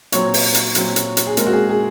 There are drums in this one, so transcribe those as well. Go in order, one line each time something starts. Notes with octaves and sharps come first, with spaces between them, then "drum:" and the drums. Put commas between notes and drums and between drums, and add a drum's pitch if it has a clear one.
A#2 F#3 C4 C#5, drum: hi-hat
drum: open hi-hat
drum: hi-hat
A#2 F#3 C4, drum: hi-hat
drum: hi-hat
drum: hi-hat
G#4
A#2 G#3 C4 A#4, drum: hi-hat
F#4
G#4
G#4